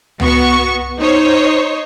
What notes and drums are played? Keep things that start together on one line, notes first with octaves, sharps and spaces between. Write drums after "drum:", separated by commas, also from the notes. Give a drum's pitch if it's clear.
B3 F#4 C#6, drum: tom
D#4 C5 C#5